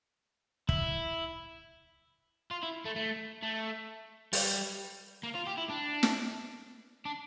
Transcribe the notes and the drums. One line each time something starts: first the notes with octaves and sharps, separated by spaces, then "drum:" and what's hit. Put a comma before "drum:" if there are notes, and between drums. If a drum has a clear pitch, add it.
E4, drum: kick
F4
E4
A3
A3
A3
G3, drum: open hi-hat
A#3
F4
G4
E4
D4
drum: snare
D4